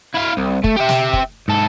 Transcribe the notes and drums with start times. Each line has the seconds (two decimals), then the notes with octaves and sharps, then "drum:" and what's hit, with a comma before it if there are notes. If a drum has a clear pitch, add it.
0.15 E4 F5
0.37 C2
0.64 A3, drum: kick
0.77 G4 E5
0.89 drum: snare
1.13 drum: kick
1.48 G#2 A4